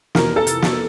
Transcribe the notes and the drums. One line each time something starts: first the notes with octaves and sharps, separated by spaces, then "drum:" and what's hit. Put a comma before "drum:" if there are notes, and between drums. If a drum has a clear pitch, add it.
F2 C3 E3 A#4, drum: snare
A4
drum: hi-hat
drum: snare